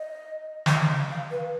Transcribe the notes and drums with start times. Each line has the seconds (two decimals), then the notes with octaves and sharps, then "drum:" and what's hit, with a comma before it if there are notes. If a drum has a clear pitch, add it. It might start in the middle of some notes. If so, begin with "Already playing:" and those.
Already playing: D#5
0.66 drum: snare
1.11 F5
1.31 B4